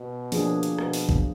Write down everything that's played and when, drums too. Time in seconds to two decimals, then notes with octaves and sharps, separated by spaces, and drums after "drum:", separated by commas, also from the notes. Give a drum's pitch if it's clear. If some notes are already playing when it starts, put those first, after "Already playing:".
Already playing: B2
0.32 F3 A#3 D4 G#4, drum: open hi-hat
0.63 drum: hi-hat
0.78 B2, drum: rim click
0.93 drum: open hi-hat
1.09 drum: kick